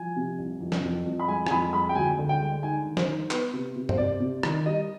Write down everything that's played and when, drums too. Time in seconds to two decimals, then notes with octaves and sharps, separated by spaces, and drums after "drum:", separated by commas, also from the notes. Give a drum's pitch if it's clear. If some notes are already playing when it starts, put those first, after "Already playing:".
Already playing: F3 G#5
0.16 C3
0.38 C2
0.60 F2
0.72 drum: snare
0.83 F2
1.06 F2
1.20 B5
1.28 G#3 G#5
1.47 G#5, drum: rim click
1.51 F2 B5
1.73 G#3 B5
1.89 G5
1.95 D2 G#5
2.18 D3
2.29 G5
2.41 G#3
2.63 D#4 G#5
2.86 D#3
2.97 C5, drum: snare
3.08 D#4
3.31 B3 B4, drum: clap
3.53 C3
3.76 C3
3.89 C5, drum: tom G2
3.98 C3 D5
4.20 C3
4.43 D#3, drum: rim click
4.66 G3 D#5